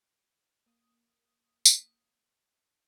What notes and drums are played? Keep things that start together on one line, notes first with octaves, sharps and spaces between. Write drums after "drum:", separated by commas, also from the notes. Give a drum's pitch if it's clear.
A#3 D#6
drum: tambourine